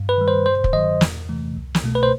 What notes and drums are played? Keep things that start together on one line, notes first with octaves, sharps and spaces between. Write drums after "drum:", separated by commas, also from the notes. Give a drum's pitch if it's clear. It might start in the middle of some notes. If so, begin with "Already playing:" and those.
Already playing: G2
B4
D#3 G3
C5
G2 C5
drum: kick
D#3 F#3 D#5
E2, drum: snare
C3 E3 A3
C2
drum: snare
B2 A3
B4
C5